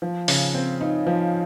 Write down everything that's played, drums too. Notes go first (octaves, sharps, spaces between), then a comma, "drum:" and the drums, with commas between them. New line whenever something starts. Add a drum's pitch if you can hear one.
F3
C#3, drum: open hi-hat
C4
D#4
F3